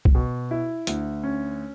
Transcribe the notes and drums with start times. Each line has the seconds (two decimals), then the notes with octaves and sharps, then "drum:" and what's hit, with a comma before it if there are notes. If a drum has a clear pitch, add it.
0.05 drum: kick C2
0.15 B2
0.51 E4
0.87 D2, drum: hi-hat
1.24 C#4